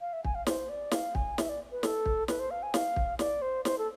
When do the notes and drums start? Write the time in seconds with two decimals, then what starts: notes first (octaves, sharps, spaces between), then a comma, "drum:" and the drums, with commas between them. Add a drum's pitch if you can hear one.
0.01 F5
0.13 E5
0.24 G#5, drum: kick
0.35 F5
0.47 C5, drum: snare
0.69 D5
0.91 F5, drum: snare
1.15 G#5, drum: kick
1.38 E5, drum: snare
1.49 D5
1.72 B4
1.83 A4, drum: snare
2.06 drum: kick
2.28 B4, drum: snare
2.39 C5
2.51 F5
2.63 G#5
2.74 F5, drum: snare
2.96 drum: kick
3.19 D5, drum: snare
3.42 C5
3.65 C5, drum: snare
3.78 A4